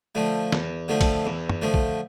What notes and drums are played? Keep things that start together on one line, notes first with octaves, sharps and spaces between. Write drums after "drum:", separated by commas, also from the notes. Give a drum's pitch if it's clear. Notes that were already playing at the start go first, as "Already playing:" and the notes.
D3 F3 A3
E2, drum: snare
D3 F3 A3
drum: kick, cymbal
E2
drum: tom
D3 F3 A3
drum: kick